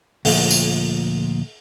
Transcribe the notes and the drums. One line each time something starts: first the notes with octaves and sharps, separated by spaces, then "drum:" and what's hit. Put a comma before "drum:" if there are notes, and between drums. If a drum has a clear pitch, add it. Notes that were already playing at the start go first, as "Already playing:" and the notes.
D2 A#2 F3, drum: open hi-hat
drum: tambourine